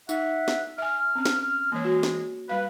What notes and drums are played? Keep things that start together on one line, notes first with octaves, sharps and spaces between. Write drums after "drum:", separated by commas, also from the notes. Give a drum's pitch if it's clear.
D#4 E5 F#5, drum: tambourine
drum: snare
E5 G#5 F6
C4 C#4
drum: snare
E3 G#3 A#3 C#5
F#4
drum: snare
G3 B4 F5